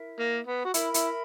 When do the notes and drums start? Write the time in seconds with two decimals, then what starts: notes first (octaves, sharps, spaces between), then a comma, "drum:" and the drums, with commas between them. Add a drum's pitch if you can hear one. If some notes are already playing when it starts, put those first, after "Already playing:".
Already playing: E4 A#4 E5
0.20 A#3
0.47 B3
0.65 F#4
0.74 E4 A#4 E5 B5, drum: hi-hat
0.94 E4, drum: hi-hat